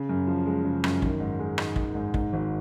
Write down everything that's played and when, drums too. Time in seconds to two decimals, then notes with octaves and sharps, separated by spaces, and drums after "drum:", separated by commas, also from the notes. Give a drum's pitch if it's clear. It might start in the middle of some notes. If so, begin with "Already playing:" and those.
Already playing: C#3
0.09 F#2
0.27 F3
0.46 G#3
0.65 C#3
0.84 F#2, drum: rim click
1.02 D#3, drum: kick
1.20 G#2
1.39 G#3
1.58 D#4, drum: rim click
1.76 D#3, drum: kick
1.95 G#2
2.14 G#2, drum: kick
2.33 G#1